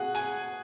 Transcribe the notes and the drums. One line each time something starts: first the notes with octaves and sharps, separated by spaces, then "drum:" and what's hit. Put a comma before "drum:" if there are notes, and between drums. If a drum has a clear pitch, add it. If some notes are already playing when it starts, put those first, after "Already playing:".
Already playing: F#4 G#4 F#5
G#5, drum: hi-hat